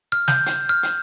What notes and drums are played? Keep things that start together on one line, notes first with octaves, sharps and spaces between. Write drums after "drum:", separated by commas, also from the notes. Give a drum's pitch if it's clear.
F6
G6, drum: snare
drum: hi-hat
F6
drum: hi-hat